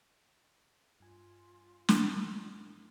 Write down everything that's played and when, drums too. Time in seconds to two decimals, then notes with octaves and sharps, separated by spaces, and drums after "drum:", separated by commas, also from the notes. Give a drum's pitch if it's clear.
1.00 G2 F4 G#5
1.89 drum: snare